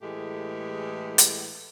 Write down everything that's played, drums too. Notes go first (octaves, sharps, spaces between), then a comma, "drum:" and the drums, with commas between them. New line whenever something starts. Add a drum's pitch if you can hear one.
A2 E3 G#3 A3 G4 G#4
drum: hi-hat